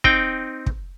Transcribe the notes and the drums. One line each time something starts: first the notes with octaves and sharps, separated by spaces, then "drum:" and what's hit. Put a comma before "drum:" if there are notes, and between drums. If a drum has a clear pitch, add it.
C4 D#4 G5, drum: kick
drum: kick